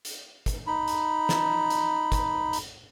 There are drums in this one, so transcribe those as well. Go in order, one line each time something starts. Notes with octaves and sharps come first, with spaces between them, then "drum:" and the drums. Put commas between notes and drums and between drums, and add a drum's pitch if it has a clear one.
drum: hi-hat
drum: kick, hi-hat
D#4 B5
drum: hi-hat
drum: snare
drum: hi-hat
drum: kick, hi-hat
drum: hi-hat